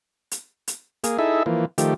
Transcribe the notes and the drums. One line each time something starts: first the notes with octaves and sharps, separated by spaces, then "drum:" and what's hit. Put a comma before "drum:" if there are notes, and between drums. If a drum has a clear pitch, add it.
drum: hi-hat
drum: hi-hat
A#3 G#4, drum: hi-hat
D#4 E4 G#4 A4 E5
E3 F3 A#3
D#3 F3 A3 G4, drum: hi-hat